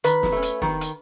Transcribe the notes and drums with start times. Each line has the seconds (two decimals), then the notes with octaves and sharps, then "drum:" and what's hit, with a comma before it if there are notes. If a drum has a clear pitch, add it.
0.04 D#3 B4, drum: hi-hat
0.23 drum: snare
0.32 A3 C#4
0.42 drum: hi-hat
0.62 D#3, drum: snare
0.81 drum: hi-hat